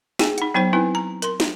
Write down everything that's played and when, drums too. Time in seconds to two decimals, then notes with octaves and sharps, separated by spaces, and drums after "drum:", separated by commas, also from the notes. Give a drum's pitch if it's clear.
0.19 G#4 G5 G#5, drum: snare
0.38 D#4 F#5, drum: hi-hat
0.54 F#3 B3 D#4 C5 G5
0.73 C4 D#4 E4 B4
0.95 A#5
1.22 A#4 C6, drum: hi-hat
1.40 drum: snare